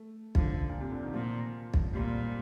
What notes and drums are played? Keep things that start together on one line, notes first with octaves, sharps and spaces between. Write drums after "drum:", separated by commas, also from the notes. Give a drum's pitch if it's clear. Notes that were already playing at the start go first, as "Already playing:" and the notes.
Already playing: A3
D3 F3, drum: kick
A#2
C3
D3
D#3
A#2 F3
drum: kick
A#2 G3